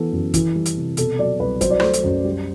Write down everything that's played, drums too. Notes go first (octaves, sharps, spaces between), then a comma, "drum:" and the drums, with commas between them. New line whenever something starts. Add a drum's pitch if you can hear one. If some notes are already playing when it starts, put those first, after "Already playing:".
Already playing: E3 B3 A4
F#2
E3, drum: kick, hi-hat
G3
drum: hi-hat
C3
B2 A4, drum: hi-hat
F#3 D5
C2 B4
F#3 C5, drum: kick, hi-hat
D5
A3 C5, drum: rim click
drum: hi-hat
F#2
G3